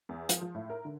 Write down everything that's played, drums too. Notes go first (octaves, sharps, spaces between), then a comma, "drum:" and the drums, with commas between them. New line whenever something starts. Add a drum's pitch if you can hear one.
E2
F3, drum: hi-hat
F3
A2
A#4
D3